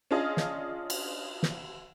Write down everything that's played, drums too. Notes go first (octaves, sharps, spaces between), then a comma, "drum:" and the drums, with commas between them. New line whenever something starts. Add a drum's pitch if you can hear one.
C#4 D4 F4 G#4 D#5
drum: snare
drum: cymbal
drum: snare